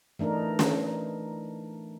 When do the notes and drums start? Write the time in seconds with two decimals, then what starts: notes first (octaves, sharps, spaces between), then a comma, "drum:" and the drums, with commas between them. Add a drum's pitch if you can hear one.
0.19 E3 A3 D4 D#4 A#4
0.59 drum: snare